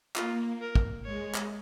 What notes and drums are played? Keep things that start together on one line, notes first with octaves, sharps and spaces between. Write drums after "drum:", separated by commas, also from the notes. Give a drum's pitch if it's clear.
A#3 F4, drum: clap
A#4
drum: kick
G#3 C#5
drum: clap